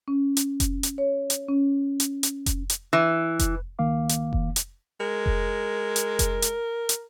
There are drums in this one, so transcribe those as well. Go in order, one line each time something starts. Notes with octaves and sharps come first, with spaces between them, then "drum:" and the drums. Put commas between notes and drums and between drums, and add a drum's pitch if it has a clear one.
C#4
drum: hi-hat
drum: kick F1, hi-hat
drum: hi-hat
C#5
drum: hi-hat
C#4
drum: hi-hat
drum: hi-hat
drum: kick F1, hi-hat
drum: hi-hat
E3
drum: kick F1, hi-hat
C#2 D#3 A#3 F5 D6
drum: hi-hat
drum: kick F1
drum: hi-hat
G#3 A#4
drum: kick F1
drum: hi-hat
drum: kick F1, hi-hat
drum: hi-hat
drum: hi-hat